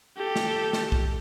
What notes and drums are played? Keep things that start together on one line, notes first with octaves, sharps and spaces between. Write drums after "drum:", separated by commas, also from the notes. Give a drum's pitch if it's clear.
G4 A4
drum: snare
drum: snare
drum: kick